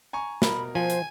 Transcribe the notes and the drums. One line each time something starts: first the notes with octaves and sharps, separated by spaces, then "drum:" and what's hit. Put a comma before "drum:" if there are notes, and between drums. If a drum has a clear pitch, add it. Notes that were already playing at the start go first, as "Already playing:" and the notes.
G#5 A#5 C#6
B2 A#4 B5, drum: snare
F3 C5 G#5
drum: hi-hat